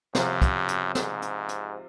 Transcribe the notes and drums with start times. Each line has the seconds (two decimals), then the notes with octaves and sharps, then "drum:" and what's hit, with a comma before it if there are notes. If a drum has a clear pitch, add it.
0.15 F#2 C3 F3 C4 F4, drum: snare
0.42 drum: kick, hi-hat
0.68 drum: hi-hat
0.95 G#2, drum: snare
1.22 drum: hi-hat
1.49 drum: hi-hat